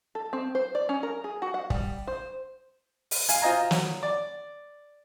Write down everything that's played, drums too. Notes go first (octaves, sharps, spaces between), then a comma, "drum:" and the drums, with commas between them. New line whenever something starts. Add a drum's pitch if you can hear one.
A4
C4
C5
D5
C#4
A#4
G#4
F#4
F#5
G3, drum: kick
C5
drum: open hi-hat
F5 G#5, drum: hi-hat
F4 C5 D#5 G#5 A#5
F#3, drum: snare
D5